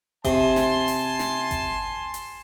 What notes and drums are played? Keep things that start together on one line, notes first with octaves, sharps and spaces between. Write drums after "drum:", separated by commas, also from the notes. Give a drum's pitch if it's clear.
C3 G#5 A5 C6, drum: kick G1, hi-hat
drum: snare
drum: open hi-hat
drum: snare
drum: kick G1, hi-hat
drum: hi-hat